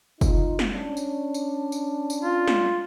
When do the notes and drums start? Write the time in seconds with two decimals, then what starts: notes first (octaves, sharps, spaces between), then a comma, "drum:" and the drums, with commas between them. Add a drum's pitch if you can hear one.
0.21 D#4 F4, drum: kick, tambourine
0.59 drum: snare
0.70 C#4 D4
0.97 drum: tambourine
1.34 drum: tambourine
1.72 drum: tambourine
2.10 drum: tambourine
2.22 F4
2.48 drum: snare